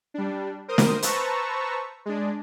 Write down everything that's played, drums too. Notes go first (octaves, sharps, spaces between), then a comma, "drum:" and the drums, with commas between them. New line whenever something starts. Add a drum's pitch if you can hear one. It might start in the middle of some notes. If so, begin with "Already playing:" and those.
G3 D4
A#4 C5 D#6
drum: snare
B4 C5 A5 A#5 C#6 E6, drum: hi-hat
G#3 D4